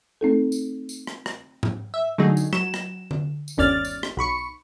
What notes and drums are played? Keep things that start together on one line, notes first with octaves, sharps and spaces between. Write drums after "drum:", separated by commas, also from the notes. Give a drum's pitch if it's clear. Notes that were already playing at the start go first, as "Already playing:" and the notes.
A3 C4 D#4 A4
drum: tambourine
drum: tambourine
drum: rim click
drum: rim click
drum: tom G#2
E5
D3 F#3 A3 D#4 G#4
drum: tambourine
F#3 E7, drum: rim click
drum: rim click
drum: tom D3
drum: tambourine
G1 D#2 C#4 D5 F6 A6
drum: tambourine
drum: rim click
B1 B5 C#6 C#7